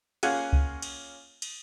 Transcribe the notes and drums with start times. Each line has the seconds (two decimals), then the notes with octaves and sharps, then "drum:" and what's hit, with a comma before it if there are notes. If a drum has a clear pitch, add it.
0.23 A#3 C#4 F4 G#4 F#5 G#5, drum: cymbal
0.53 drum: kick C#2
0.82 drum: cymbal
1.42 drum: cymbal